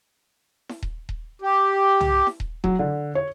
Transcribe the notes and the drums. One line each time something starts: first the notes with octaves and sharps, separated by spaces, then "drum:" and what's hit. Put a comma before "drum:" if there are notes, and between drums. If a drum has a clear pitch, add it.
drum: snare E4
drum: kick D#1
drum: kick D#1
G4
drum: tom
drum: snare E4
drum: kick D#1
F#3, drum: kick D#1
D3
C#5